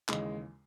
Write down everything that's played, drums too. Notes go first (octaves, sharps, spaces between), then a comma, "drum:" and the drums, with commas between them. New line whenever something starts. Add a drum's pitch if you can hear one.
D#2 C#3 E3 G#3, drum: clap